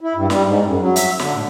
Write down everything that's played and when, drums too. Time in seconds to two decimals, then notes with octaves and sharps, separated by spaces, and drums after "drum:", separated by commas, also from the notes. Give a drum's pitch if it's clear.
0.01 E4
0.15 G2
0.30 G3, drum: snare
0.45 G#2
0.65 F#2
0.79 F#3
0.96 E5, drum: hi-hat
1.19 D3, drum: snare
1.33 A2